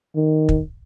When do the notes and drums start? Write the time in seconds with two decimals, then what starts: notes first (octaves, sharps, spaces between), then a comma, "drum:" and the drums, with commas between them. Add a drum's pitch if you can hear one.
0.16 D#3
0.49 drum: kick